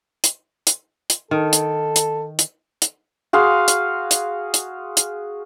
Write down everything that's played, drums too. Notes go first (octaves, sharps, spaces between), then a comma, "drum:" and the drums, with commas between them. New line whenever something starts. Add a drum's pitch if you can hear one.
drum: hi-hat
drum: hi-hat
drum: hi-hat
D#3 A4
drum: hi-hat
drum: hi-hat
drum: hi-hat
drum: hi-hat
F#4 G#4 F5 C6
drum: hi-hat
drum: hi-hat
drum: hi-hat
drum: hi-hat